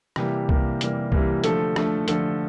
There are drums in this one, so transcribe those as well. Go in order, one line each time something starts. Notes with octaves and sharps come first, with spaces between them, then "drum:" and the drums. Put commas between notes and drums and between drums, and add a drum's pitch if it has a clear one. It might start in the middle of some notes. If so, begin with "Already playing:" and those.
C3 E3 G3 A#3 G4, drum: rim click
C3 E3 G3 A#3, drum: kick
C3 E3 G3 A#3, drum: hi-hat
C3 E3 G3 A#3, drum: kick
D3 F3 A3 A4, drum: hi-hat
D3 F3 A3, drum: rim click
D3 F3 A3 A4, drum: hi-hat